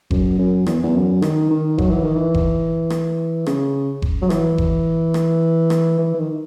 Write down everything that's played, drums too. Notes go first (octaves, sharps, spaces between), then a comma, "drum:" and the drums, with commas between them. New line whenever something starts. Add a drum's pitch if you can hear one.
F#2, drum: kick F#1
F#2
E2, drum: rim click
E2
F#2
D#3, drum: rim click
D#3
F#3, drum: kick F#1
E3
D#3
E3
drum: kick F#1
drum: rim click
C#3, drum: rim click
drum: kick F#1
F#3
E3, drum: rim click
drum: kick F#1
drum: rim click
drum: rim click
E3
E3
D#3